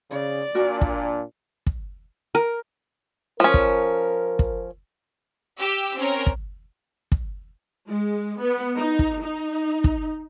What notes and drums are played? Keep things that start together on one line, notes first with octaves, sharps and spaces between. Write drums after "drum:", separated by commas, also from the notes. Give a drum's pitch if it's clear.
C#3 D5
A#2 D4 F#4 A#4
drum: kick
drum: kick
A#4
F3 C#4 A#4
drum: kick
drum: kick
G4 E6
C4 C#4 A#4
drum: kick
drum: kick
G#3
B3
D#4
drum: kick
D#4
drum: kick